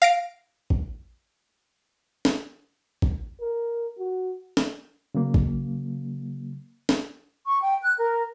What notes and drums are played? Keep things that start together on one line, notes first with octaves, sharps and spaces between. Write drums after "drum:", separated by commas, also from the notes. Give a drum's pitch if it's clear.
F5 A#6 D7
drum: kick A1
drum: snare
drum: kick A1
A#4
F#4
drum: snare
C#3 F#3 A#3
drum: kick A1
drum: snare
C#6
G5
F#6
A#4